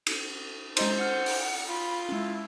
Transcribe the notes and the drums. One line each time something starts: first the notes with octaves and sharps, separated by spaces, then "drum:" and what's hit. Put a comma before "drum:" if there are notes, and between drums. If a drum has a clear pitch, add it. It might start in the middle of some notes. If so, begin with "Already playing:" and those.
drum: cymbal
G#3 C5 D#5 A#5 C6, drum: cymbal
F#5 F6 C#7
drum: open hi-hat
F4 B5
G#3 C#4 E4